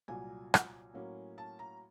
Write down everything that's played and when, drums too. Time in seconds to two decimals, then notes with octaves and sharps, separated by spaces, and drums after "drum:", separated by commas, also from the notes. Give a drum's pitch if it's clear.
0.08 C2 A#2 F#3 G#5
0.54 drum: rim click
0.93 A2 F#3 A#3 C#4
1.38 A5
1.59 A#5